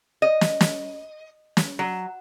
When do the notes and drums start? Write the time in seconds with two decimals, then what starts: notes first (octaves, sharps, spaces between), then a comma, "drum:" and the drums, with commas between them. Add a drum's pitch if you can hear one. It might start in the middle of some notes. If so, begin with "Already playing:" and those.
0.22 D#5
0.41 drum: snare
0.61 drum: snare
1.57 drum: snare
1.79 F#3